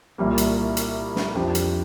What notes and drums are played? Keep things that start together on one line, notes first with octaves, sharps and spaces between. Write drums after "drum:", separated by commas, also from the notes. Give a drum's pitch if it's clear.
C2 A#2 G3 A#3
drum: hi-hat
drum: hi-hat
drum: snare
F2 F3 D4 G4
drum: hi-hat